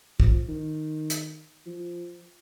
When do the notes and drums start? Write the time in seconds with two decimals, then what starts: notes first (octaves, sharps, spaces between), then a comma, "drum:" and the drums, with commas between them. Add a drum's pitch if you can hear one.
0.20 F3, drum: kick
0.49 D#3
1.10 drum: hi-hat
1.67 F3